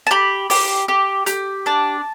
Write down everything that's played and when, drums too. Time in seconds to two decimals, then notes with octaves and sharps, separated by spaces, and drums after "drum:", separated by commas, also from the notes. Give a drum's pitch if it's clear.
0.07 A5
0.11 G4 B5
0.50 G4, drum: open hi-hat
0.88 G4
1.26 G4, drum: hi-hat
1.66 D4 A5